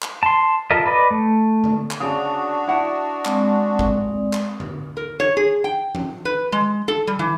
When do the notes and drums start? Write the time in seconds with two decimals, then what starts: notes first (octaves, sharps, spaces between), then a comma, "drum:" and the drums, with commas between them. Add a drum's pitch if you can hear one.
0.02 drum: clap
0.23 A5 C6
0.71 F4 A4 A#4 D#5 E5
0.86 B4 D5 D#5
1.11 A3
1.64 drum: tom D3
1.91 drum: clap
2.00 C#3 D4 F#4 D#6
2.68 E4 F#5
3.25 G#3 C4 D5, drum: clap
3.79 drum: kick
4.33 drum: clap
4.60 drum: tom D3
4.97 A#4
5.20 C#5
5.37 G#4
5.64 G5
5.95 drum: tom E3
6.25 B4
6.52 G#3
6.88 A4
7.07 G3
7.19 E3